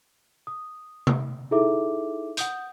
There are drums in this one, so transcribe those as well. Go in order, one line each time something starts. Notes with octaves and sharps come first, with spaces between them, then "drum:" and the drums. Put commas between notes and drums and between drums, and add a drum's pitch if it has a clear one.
D#6
drum: tom C3
D#4 E4 G#4 A4 E5 D6
F#5 D#6 G6, drum: hi-hat